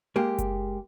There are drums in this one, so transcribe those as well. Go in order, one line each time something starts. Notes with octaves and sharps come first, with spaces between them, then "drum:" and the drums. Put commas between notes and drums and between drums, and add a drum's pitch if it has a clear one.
G#3 A#3 G4
drum: kick F#1, hi-hat